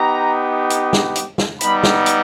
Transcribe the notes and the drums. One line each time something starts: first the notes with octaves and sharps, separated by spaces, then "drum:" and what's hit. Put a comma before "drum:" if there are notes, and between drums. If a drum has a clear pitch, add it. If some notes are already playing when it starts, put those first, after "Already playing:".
Already playing: B3 D#4 G4 A#5
drum: hi-hat
drum: snare
drum: hi-hat
drum: snare
G3 B3 D#4 B5, drum: hi-hat
drum: snare
drum: hi-hat